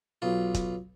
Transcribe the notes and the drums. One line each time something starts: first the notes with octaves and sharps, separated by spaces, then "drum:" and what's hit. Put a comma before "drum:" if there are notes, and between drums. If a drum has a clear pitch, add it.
B1 F4
drum: kick, hi-hat